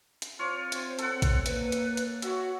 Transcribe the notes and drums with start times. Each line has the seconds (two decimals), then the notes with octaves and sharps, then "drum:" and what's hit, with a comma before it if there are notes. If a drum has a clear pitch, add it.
0.22 drum: hi-hat
0.39 C4 F4 C5 C#5
0.72 drum: hi-hat
0.99 A4 F#5, drum: hi-hat
1.22 drum: kick A1, hi-hat
1.46 A#3 B4, drum: hi-hat
1.72 drum: hi-hat
1.97 drum: hi-hat
2.22 F#4 C#5 E5 F#5, drum: hi-hat